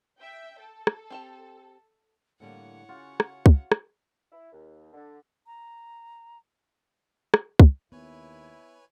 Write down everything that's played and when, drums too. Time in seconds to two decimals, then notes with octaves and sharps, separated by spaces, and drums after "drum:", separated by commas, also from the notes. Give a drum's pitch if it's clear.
0.20 E5 G5
0.61 A4
0.87 drum: rim click
1.10 C4 G4 A5
2.40 A2 D3 G3 A#3 C#5 F#5
2.89 C#3 C#4 F4 F#4
3.20 drum: rim click
3.46 drum: kick
3.72 drum: rim click
4.32 E4
4.52 D#2
4.93 D3
5.47 A#5
7.34 drum: rim click
7.60 drum: kick
7.92 D#2 B3 E4 B4 C#5 G#5